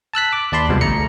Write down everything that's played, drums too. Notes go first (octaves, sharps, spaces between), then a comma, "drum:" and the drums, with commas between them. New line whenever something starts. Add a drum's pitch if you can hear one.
A5 E6 F#6 B6
D6
D#2 D5 A5 B5 C6
C2 B2 F3 G3 G#3
D2 A3 A#5 C#7, drum: kick G#1